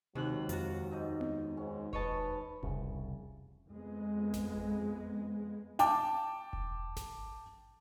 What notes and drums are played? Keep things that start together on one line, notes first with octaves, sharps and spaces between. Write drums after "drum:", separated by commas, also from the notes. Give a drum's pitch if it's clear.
D#2 G#2 C3 D#3 F#3 F#6
F2 F4 F#4, drum: hi-hat
G#2 D#4 D#5
drum: tom B3
G#2 C#4
B4 C#5 D#5 A5, drum: kick E1
F1 C2 C#3, drum: kick E1
F2 G#3 B3
drum: snare G#1
G5 A5 D6, drum: hi-hat
drum: kick E1
drum: snare G#1